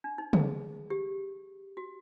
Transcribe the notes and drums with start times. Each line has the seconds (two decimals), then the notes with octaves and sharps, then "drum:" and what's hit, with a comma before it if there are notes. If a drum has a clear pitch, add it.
0.04 D4
0.18 D#4
0.33 G#4, drum: tom
0.90 G4
1.77 F#4